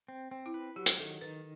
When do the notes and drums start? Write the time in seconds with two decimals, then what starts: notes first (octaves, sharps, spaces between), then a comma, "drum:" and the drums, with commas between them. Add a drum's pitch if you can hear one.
0.08 C4
0.31 C4
0.46 E4
0.54 B4
0.76 F#3 G4
0.86 drum: hi-hat
0.98 D#3 A4
1.21 D#3 B4